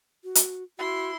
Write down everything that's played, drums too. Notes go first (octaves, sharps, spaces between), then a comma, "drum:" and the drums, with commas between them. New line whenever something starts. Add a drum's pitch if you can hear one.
F#4
drum: hi-hat
E4 F#4 C6